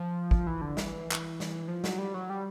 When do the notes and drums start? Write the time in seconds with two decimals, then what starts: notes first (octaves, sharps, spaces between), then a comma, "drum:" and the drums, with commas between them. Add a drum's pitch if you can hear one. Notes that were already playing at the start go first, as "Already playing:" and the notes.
Already playing: F3
0.31 drum: kick
0.46 E3
0.61 D3
0.77 E3, drum: snare
1.12 drum: clap
1.40 drum: snare
1.68 F3
1.84 F#3, drum: snare
1.98 G3
2.14 F#3
2.30 G3